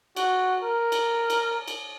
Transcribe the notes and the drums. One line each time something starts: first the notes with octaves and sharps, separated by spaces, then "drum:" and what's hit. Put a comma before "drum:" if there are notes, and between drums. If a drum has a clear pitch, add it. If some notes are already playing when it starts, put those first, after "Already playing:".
F#4, drum: cymbal
A#4
drum: cymbal
drum: cymbal
drum: cymbal